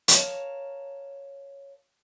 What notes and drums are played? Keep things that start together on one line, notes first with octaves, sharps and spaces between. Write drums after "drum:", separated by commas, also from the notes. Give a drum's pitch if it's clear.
A#4 C#5 D5 F5 A5, drum: hi-hat